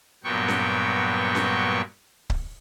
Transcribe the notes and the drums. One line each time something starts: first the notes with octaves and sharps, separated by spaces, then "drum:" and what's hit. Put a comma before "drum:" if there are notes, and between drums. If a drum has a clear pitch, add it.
G2 A#2 F#3 B3 G5 C#6
drum: snare C#4
drum: snare C#4
drum: kick C#1